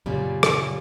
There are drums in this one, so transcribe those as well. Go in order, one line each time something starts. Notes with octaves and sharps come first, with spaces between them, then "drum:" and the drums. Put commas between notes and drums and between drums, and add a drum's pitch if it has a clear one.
F#2 A#2 C#3 G3
drum: rim click